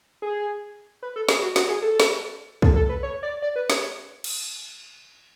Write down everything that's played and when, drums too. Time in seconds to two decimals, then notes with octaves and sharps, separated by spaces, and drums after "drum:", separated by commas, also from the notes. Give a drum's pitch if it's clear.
0.22 G#4
1.03 B4
1.16 A4
1.29 G#4, drum: snare
1.42 F#4
1.56 F#4, drum: snare
1.69 G#4
1.82 A4
2.00 drum: snare
2.62 A4, drum: kick
2.76 A4
2.89 B4
3.03 C#5
3.23 D5
3.42 D5
3.56 B4
3.70 C#5, drum: snare
4.24 drum: cymbal